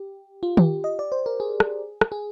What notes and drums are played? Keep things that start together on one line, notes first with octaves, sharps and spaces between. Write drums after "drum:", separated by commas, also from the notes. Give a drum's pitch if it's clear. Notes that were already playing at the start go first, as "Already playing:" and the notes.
Already playing: G4
F4
G4, drum: tom D#3
D#5
D5
C5
A#4
G#4
drum: rim click
drum: rim click
G#4